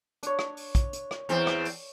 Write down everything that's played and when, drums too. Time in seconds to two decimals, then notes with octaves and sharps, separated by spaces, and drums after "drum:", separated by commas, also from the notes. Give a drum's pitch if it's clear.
0.23 D4 C#5, drum: hi-hat
0.39 drum: rim click
0.57 drum: open hi-hat
0.75 drum: kick, hi-hat
0.93 drum: hi-hat
1.11 drum: rim click
1.29 E2 C4, drum: hi-hat
1.47 drum: rim click
1.65 drum: open hi-hat